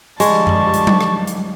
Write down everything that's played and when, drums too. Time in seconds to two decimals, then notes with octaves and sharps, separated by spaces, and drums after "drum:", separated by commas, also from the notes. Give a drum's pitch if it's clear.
0.20 D3 F3 G3 G#3 A5 C#6, drum: hi-hat
0.47 drum: tom F#2
0.74 drum: hi-hat
0.87 drum: tom F#3
1.01 drum: rim click
1.27 drum: hi-hat